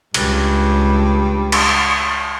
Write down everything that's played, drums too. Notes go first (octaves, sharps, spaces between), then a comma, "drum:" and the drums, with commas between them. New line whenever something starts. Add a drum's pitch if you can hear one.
C#2 G2, drum: cymbal
drum: cymbal